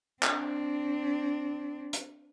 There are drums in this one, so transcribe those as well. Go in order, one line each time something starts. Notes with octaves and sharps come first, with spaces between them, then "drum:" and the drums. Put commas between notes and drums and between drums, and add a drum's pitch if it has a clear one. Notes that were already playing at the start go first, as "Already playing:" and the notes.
C4 D4, drum: clap
drum: hi-hat